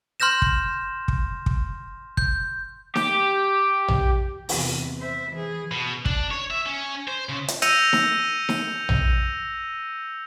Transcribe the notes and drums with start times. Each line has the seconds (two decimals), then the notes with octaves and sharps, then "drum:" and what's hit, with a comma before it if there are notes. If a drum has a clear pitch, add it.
0.20 C6 F6 G6 A#6 E7
0.42 drum: kick
1.08 drum: kick
1.46 drum: kick
2.17 G6, drum: kick
2.96 G4, drum: snare D#4
3.88 drum: tom A#1
4.49 E2 C3, drum: open hi-hat
5.00 C5 E5
5.32 E3 G#4
5.72 B2
6.05 D4, drum: kick
6.31 C#5
6.50 E5
6.66 C#4
7.08 C5
7.29 C#3
7.48 drum: hi-hat
7.62 E6 G6 A#6 C#7 D#7 F7, drum: hi-hat
7.93 drum: snare D#4
8.49 drum: snare D#4
8.89 drum: tom A#1